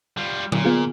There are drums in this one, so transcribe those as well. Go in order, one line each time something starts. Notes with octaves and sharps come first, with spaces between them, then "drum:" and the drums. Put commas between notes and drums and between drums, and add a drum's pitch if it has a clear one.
G3 F4
A#2 F#3, drum: tom D3
B3 F4 G#4